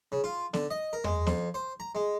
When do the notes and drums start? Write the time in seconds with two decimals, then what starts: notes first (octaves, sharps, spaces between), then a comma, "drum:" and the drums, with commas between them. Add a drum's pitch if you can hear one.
0.12 C#3
0.24 F4
0.54 D3, drum: snare B3
0.71 D#5
0.93 A#4
1.04 G#3, drum: tom E2
1.27 F2, drum: snare B3
1.54 C5
1.80 A#5
1.95 G#3